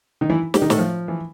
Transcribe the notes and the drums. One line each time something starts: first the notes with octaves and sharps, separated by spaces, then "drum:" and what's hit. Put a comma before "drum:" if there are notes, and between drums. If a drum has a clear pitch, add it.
D#3 D#4
E3 E4
G3 G4, drum: snare
D#3 D#4
A2 A3, drum: snare
F3
E3